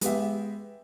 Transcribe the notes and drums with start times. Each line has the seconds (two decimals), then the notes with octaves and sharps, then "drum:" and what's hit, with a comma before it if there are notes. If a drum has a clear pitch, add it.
0.01 G#3 B3 G4 E5, drum: hi-hat